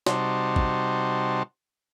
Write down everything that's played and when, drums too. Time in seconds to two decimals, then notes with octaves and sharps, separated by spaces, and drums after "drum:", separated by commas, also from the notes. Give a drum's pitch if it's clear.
0.06 C3 G3 D#4 F#4 C5 A5, drum: snare
0.56 drum: kick